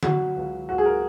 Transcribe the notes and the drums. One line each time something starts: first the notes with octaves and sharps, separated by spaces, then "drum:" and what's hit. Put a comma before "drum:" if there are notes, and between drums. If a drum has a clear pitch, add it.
F#3 F#4, drum: tom D3
C#2
C#2 F#4
G#4
A#4